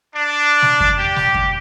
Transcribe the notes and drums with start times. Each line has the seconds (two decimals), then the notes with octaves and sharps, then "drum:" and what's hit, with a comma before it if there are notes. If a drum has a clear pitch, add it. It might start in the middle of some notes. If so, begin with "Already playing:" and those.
0.15 D4
0.62 drum: snare
0.80 drum: kick F2
0.98 G4
1.16 drum: snare
1.34 drum: kick F2